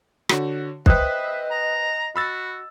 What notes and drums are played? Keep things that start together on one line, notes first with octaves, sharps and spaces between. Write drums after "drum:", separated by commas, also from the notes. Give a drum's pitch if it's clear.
D3 F#4 C#5, drum: rim click
B4 C5 D#5 E5 G5 D#6 F#6, drum: kick
A#5
F#4 B5 E6 A6